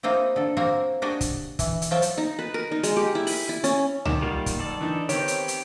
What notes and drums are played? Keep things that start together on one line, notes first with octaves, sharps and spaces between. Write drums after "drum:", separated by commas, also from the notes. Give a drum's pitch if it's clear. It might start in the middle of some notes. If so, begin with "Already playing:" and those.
A#3 C4 D#4 E4 G4
D3 A4
A#3 C4 F#4 G4 A#4
D4 F#4 G4 D#5 G#5
drum: kick, hi-hat
E3, drum: kick, hi-hat
drum: hi-hat
F3 F#3 E5 G5 A5
drum: hi-hat
D#4
B4
A#4
D#4
G#3, drum: hi-hat
G4
E4
B5, drum: open hi-hat
E4
C#4, drum: hi-hat
D#3 F#5 D6 E7, drum: tom C#2
G3 A#3 F4
drum: kick, hi-hat
F#1 A4 D5
E3 D4 D#4
D#3 B3 C4 G4 C#5, drum: hi-hat
drum: hi-hat
drum: hi-hat